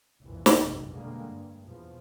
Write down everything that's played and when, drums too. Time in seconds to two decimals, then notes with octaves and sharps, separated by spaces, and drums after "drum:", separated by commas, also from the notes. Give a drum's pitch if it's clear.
0.22 F1 C2 G2 A#2 E3
0.46 drum: snare
0.58 F1 A#1 E2 G2 C3 F#3
0.91 B2 D3 G3 G#3 A#3
1.25 G2
1.67 E2 B2 F3